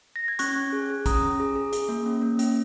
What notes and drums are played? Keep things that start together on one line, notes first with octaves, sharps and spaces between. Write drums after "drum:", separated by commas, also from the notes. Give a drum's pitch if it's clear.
A#6
G#6
C#4 C#6 F#6, drum: hi-hat
C#4
G#4
G#4
C#4 A#5 D#6, drum: kick, hi-hat
C#4
G#4
G#4
G#4, drum: hi-hat
A#3
C#4
A#3
C#4, drum: hi-hat